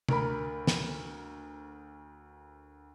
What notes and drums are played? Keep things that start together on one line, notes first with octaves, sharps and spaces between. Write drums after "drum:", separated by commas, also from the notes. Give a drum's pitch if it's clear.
D2 A#4 B5, drum: tom
drum: snare